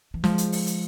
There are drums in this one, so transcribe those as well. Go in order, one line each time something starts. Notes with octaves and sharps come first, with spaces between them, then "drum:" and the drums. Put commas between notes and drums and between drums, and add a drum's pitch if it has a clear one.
E3
F3 G#3, drum: snare
drum: hi-hat
drum: open hi-hat
drum: hi-hat